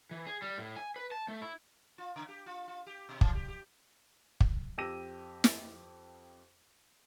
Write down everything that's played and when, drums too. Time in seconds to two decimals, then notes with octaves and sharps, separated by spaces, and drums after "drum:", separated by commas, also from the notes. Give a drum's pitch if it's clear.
0.11 E3
0.26 G#4
0.42 G3
0.58 A2
0.76 G#5
0.96 B4
1.12 A5
1.28 A3
1.42 E4
1.98 F4
2.16 C#3
2.28 G4
2.46 F4
2.68 F4
2.87 G4
3.09 B2
3.21 E3, drum: kick
3.35 G4
3.48 G4
4.40 drum: kick
4.78 F2 G4 E6 A#6 D#7
5.44 drum: snare